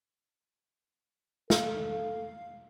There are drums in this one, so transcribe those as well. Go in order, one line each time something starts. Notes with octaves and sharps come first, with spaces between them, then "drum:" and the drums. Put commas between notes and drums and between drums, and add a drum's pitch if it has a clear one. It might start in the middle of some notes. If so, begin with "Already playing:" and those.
A4 F5, drum: snare